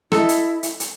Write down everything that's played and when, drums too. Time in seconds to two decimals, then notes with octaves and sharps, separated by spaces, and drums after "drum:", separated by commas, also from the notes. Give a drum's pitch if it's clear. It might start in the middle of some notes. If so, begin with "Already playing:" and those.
0.12 E4 A4 D#5, drum: rim click
0.29 drum: hi-hat
0.63 drum: hi-hat
0.80 drum: hi-hat